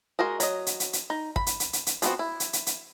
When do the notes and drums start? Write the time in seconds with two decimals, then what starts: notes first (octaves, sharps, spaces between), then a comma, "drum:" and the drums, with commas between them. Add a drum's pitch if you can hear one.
0.19 G#3 F#4 A#4 D#5
0.40 F#3 D#5, drum: hi-hat
0.66 drum: hi-hat
0.80 drum: hi-hat
0.93 drum: hi-hat
1.10 D#4
1.36 B5, drum: kick
1.47 drum: hi-hat
1.60 drum: hi-hat
1.73 drum: hi-hat
1.87 drum: hi-hat
2.02 F3 B3 C4 D4 F#4, drum: hi-hat
2.19 E4
2.40 drum: hi-hat
2.53 drum: hi-hat
2.67 drum: hi-hat